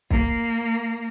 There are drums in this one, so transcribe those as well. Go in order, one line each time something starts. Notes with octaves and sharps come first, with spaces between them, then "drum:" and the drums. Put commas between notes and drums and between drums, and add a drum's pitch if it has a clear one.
A#3, drum: kick